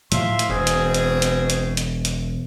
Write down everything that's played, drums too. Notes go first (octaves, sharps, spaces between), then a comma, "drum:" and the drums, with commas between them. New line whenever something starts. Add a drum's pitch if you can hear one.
A2 F3 F#3 E5 F5 C6, drum: hi-hat
drum: hi-hat
E1 B2 C4 G#4
drum: hi-hat
drum: hi-hat
drum: hi-hat
drum: hi-hat
drum: hi-hat
drum: hi-hat